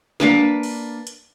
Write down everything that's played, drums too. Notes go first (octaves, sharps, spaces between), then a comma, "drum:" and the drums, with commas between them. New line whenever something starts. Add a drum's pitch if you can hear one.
A#3 D4 B4, drum: snare
drum: open hi-hat
drum: hi-hat